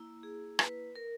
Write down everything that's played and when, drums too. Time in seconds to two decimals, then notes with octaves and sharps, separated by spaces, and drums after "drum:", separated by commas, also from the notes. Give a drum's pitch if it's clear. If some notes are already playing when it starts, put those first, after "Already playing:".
Already playing: A#3 E4
0.23 G#4
0.59 B4, drum: rim click
0.96 A#4